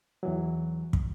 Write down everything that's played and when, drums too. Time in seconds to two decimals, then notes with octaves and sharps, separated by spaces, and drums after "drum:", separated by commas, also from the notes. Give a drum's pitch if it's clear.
0.23 E2 E3 F#3
0.93 drum: kick